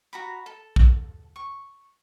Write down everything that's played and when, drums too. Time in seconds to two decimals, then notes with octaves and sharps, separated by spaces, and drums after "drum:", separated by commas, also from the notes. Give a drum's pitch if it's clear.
0.13 F#4 A#5 B5
0.46 A4
0.76 drum: kick
1.36 C#6